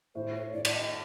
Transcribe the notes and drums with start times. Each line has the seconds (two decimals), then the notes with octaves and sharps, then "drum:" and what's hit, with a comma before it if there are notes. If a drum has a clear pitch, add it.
0.15 A2 C5
0.34 C#5
0.53 A2 D5
0.65 D5, drum: cymbal
0.73 D#5